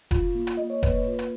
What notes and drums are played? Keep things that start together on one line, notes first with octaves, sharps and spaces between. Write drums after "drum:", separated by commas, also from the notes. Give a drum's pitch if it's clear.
F4, drum: kick F1, hi-hat
A#3
drum: hi-hat
A#3 D#5
C#5
A#3 B4, drum: kick F1, hi-hat
F4
drum: hi-hat